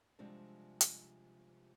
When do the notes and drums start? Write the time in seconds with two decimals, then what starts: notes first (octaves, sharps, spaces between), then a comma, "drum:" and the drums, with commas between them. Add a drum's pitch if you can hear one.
0.19 C3 F3 G3 G#3 C4 D4
0.81 drum: hi-hat